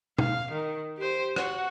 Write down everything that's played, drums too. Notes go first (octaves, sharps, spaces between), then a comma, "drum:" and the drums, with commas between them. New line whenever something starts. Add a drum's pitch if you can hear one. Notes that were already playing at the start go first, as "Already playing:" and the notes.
F5, drum: tom
D#3
G4 C5
F#4 F#5, drum: rim click